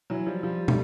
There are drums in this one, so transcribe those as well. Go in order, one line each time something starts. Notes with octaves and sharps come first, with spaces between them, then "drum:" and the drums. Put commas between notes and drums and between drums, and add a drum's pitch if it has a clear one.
E3 F#3
F3 G3
F3 G3
G3 A3, drum: tom